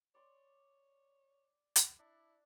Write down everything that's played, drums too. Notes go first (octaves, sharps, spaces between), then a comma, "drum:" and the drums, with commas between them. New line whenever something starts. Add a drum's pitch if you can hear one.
C#5 D5 C6
drum: hi-hat
D4 E4